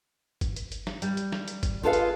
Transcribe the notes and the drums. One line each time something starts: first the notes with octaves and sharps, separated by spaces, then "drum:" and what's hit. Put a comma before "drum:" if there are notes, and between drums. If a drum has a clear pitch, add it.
drum: kick G1, hi-hat
drum: hi-hat
drum: hi-hat
drum: snare
G3, drum: hi-hat
drum: hi-hat
drum: snare
drum: hi-hat
drum: kick G1, hi-hat
F4 G#4 A4 B4 D5 F5
drum: hi-hat